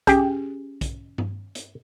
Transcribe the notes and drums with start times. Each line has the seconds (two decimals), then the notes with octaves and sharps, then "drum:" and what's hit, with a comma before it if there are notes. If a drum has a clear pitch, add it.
0.07 C#4 G4 G#4, drum: kick, hi-hat
0.81 drum: kick, hi-hat
1.18 drum: tom G2
1.55 drum: hi-hat